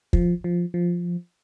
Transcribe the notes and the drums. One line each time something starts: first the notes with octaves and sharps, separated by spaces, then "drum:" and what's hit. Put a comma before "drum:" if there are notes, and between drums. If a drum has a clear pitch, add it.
F3, drum: kick
F3
F3